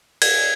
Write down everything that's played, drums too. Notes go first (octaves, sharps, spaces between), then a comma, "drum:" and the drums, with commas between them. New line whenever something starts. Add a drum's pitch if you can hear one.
G#6, drum: cymbal